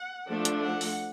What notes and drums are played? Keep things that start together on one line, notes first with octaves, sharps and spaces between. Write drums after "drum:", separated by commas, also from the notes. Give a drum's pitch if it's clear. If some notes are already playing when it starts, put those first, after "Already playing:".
Already playing: F#5
F3 A3 D4
drum: hi-hat
F#5
drum: open hi-hat